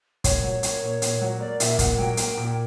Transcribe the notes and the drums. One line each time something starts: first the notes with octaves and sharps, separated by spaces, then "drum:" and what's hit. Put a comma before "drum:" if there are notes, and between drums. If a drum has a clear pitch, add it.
A#2 C#5, drum: kick, hi-hat
F#3
A#3, drum: hi-hat
A#2
A#2, drum: hi-hat
F#3
A#3 D5
A#2 E5, drum: hi-hat
E5
A#2 F#5, drum: kick, hi-hat
F#3 G5
A#3, drum: hi-hat
A#2